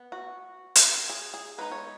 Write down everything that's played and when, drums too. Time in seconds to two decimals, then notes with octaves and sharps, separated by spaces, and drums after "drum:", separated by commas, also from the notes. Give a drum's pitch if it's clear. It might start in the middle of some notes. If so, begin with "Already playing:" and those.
Already playing: B3
0.12 F#4
0.75 drum: hi-hat
1.10 G#4
1.34 G#4
1.58 G#3 B3 D#4 B4
1.72 C#5